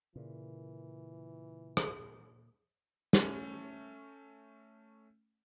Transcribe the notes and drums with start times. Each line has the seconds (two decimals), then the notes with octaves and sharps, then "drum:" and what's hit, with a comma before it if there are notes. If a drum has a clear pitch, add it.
0.16 A#2 C#3 E3
1.77 drum: rim click
3.13 A3 C#4, drum: snare